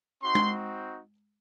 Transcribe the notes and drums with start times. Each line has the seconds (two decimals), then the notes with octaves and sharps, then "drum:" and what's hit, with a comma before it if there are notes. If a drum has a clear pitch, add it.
0.23 C4 D#4 F#4 C6
0.35 drum: tom G#3